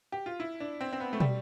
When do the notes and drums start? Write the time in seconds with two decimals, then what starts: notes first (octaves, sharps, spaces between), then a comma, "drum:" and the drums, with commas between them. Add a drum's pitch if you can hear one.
0.12 G4
0.26 F4
0.40 E4
0.60 D4
0.81 C4
0.93 C4
1.00 B3
1.13 A3
1.20 G3, drum: tom